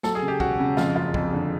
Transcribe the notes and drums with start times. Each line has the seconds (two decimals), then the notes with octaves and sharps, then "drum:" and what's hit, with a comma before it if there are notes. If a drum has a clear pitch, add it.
0.03 F#3 A4, drum: snare
0.15 G#4
0.22 C#3
0.28 G4
0.40 E1 F#4, drum: kick
0.59 C#3
0.77 F2 F4, drum: snare
0.95 F#1 F4
1.14 F2, drum: kick
1.33 D3